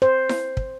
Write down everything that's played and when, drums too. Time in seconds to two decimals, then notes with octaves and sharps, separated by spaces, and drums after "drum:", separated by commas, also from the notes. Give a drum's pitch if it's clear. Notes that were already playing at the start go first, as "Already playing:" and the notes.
0.02 C5
0.29 drum: snare E4
0.57 drum: kick